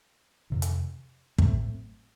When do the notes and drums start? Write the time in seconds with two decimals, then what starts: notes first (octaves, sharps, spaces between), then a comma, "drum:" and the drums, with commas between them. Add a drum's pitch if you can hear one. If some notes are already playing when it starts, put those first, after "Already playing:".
0.50 F2 C3 D#3
0.62 drum: hi-hat
1.38 A2 F#3 A3 C4, drum: kick